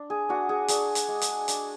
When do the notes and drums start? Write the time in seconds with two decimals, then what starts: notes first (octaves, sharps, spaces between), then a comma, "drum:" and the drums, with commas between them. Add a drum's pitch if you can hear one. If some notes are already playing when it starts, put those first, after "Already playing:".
Already playing: D4
0.10 G#4
0.29 D4 F#4
0.49 G#4
0.68 D4 G#4, drum: hi-hat
0.95 drum: hi-hat
1.08 G#3
1.21 drum: hi-hat
1.48 D4, drum: hi-hat